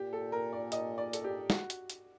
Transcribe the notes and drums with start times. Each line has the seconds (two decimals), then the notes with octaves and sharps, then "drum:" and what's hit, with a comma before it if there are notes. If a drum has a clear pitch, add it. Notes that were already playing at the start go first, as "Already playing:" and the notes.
Already playing: A#2 G4
0.13 A4
0.32 A#4
0.53 D5
0.72 D#5, drum: hi-hat
0.98 D5
1.13 A4, drum: hi-hat
1.24 G4
1.50 F#4, drum: snare
1.70 drum: hi-hat
1.90 drum: hi-hat